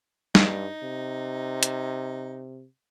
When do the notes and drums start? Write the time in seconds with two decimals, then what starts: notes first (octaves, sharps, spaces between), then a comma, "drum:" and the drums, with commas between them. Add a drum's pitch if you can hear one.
0.35 G2 D#4, drum: snare
0.83 C3
1.63 drum: hi-hat